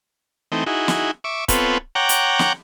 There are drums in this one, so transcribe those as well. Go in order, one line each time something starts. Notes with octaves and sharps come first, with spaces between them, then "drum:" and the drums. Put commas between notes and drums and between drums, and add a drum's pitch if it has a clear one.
E3 A3 C4 D#4
D#4 E4 F#4 G#4
drum: snare
E5 C#6 D6
B3 C4 F4 A4 B4 C#5, drum: kick, hi-hat
C#5 F#5 G5 A#5 D6
drum: hi-hat
drum: snare